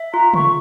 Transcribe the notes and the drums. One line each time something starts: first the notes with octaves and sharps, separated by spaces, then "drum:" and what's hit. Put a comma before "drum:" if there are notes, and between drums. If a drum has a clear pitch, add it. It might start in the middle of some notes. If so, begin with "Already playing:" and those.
Already playing: E5
F4 A#5
C#6, drum: tom C#3